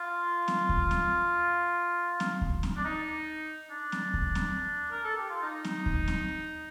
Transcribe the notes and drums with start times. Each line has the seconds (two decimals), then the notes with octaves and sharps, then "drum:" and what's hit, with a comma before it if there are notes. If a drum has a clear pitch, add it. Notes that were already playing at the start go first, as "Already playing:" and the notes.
Already playing: F4
0.48 drum: snare C4
0.69 drum: kick D2
0.91 drum: snare C4
2.20 drum: snare C4
2.41 drum: kick D2
2.63 drum: snare C4
2.77 D4
2.85 D#4
3.71 D4
3.92 drum: snare C4
4.14 drum: kick D2
4.35 drum: snare C4
4.91 A#4
5.04 A4
5.17 G4
5.29 F4
5.43 D#4
5.64 drum: snare C4
5.86 drum: kick D2
6.08 drum: snare C4